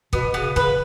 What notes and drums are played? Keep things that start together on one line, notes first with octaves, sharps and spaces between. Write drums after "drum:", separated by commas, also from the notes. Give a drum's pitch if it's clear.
B2 B3, drum: kick
C#3 B3
C#3 B4, drum: kick